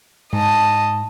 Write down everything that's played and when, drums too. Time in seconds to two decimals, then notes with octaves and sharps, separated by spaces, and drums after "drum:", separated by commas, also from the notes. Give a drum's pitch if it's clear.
0.33 G#2 D#5 A5, drum: tom G2